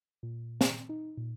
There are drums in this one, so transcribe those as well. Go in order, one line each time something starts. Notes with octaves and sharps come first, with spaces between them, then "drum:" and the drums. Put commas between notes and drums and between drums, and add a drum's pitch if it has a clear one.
A#2
drum: snare
D#4
A#2